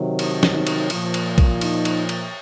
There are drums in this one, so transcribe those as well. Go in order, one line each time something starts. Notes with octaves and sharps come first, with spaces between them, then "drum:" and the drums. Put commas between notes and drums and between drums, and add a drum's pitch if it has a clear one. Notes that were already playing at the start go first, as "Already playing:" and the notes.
Already playing: C3 D#3 F#3
D#4, drum: cymbal
drum: snare
D#4
drum: cymbal
A#2 F3, drum: cymbal
drum: cymbal
drum: kick A#1, cymbal
D#4, drum: cymbal
drum: cymbal
drum: cymbal